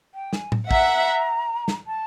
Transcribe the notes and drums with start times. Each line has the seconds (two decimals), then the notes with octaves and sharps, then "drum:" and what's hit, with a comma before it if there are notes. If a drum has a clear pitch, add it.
0.14 G5
0.33 G#5, drum: snare
0.52 drum: tom A2
0.71 E5 F#5 A#5, drum: kick
1.68 drum: snare
1.86 A5